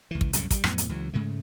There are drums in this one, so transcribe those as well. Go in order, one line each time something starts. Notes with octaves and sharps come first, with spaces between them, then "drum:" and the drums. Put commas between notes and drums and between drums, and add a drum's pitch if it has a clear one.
C#2 E3
drum: kick
C2 F#2 A2 C#3, drum: hi-hat
G3, drum: kick, hi-hat
F2 A2 F#3 B3, drum: rim click
drum: hi-hat
C#2 E3 F#3
G#2 C#3 G#3 A3